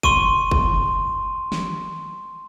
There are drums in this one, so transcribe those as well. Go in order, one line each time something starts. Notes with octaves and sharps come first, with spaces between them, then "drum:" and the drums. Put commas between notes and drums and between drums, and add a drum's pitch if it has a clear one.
C6 C#6 D#7, drum: kick
drum: kick
drum: snare